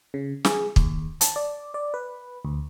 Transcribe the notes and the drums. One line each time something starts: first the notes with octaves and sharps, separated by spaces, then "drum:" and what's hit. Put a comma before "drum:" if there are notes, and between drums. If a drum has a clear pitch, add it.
C#3
G#4, drum: snare
D#2, drum: kick
A5, drum: hi-hat
D5
D5
B4
D2